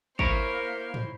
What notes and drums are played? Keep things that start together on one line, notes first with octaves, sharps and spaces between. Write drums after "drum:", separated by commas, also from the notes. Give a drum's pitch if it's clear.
A#3 E4 A#4 C5 C#5, drum: kick
drum: tom G#2